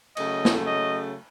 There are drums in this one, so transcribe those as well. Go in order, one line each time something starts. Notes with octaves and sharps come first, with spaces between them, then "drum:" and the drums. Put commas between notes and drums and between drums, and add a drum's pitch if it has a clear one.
C#3 F#3 A3 D#5, drum: cymbal
drum: snare
D#5